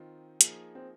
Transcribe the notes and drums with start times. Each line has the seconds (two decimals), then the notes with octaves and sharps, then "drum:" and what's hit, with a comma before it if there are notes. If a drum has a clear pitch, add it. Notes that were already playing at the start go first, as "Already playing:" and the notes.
Already playing: D#3 C4 D#4 F4
0.41 F3 A#3 D#4 G#4, drum: hi-hat
0.75 C4